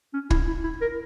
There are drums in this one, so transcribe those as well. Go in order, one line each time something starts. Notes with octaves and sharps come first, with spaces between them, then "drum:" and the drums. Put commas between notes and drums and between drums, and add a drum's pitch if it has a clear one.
C#4
E4, drum: kick
E4
E4
A#4